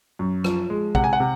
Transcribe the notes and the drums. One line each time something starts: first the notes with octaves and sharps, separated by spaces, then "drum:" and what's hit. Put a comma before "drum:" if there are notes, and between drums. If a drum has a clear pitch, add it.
F#2
F3, drum: rim click
G#3
C3 F#5, drum: kick A#1
G#5
F#5
C3